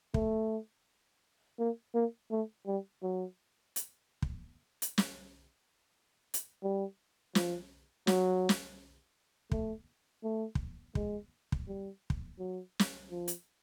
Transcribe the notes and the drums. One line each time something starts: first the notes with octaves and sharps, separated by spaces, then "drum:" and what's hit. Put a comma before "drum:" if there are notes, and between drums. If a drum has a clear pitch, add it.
A3, drum: kick
A#3
A#3
A3
G3
F#3
drum: hi-hat
drum: kick
drum: hi-hat
drum: snare
drum: hi-hat
G3
F3, drum: snare
F#3, drum: snare
drum: snare
A3, drum: kick
A3
drum: kick
G#3, drum: kick
drum: kick
G3
drum: kick
F#3
drum: snare
F3
drum: hi-hat